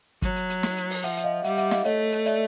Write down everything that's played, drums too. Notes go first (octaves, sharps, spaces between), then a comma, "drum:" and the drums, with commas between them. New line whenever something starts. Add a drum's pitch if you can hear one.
F#3, drum: kick, hi-hat
drum: hi-hat
drum: hi-hat
drum: snare
drum: hi-hat
drum: open hi-hat
F3 E5 F#5, drum: hi-hat
E5, drum: hi-hat
D#5 F5
G3 E5 F#5, drum: hi-hat
E5 F#5, drum: hi-hat
D#5 F5, drum: snare
A3 C#5 D#5, drum: hi-hat
drum: hi-hat
D5 E5, drum: hi-hat